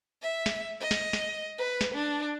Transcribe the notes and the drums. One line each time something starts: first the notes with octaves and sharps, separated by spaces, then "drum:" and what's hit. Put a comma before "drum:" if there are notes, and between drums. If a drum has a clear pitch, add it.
E5
drum: snare
D#5
drum: snare
drum: snare
B4
drum: snare
D4